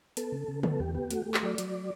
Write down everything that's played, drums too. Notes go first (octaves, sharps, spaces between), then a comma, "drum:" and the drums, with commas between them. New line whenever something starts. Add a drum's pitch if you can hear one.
B3 A4, drum: hi-hat
C#3
C#3
B3 A4, drum: tom
E2 G4
B3 G4
A3 F#4, drum: hi-hat
G4
A3
G4, drum: clap
F#3 D5
F#3, drum: hi-hat